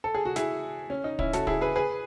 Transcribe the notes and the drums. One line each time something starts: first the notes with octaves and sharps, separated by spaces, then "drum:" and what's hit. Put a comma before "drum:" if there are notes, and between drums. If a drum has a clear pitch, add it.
A4
G#4
F#4
E4 G#4, drum: snare
C#4
D#4
C#4 E4, drum: kick
F#4 A4, drum: snare
E4 G#4, drum: kick
G#4 B4
G#4 B4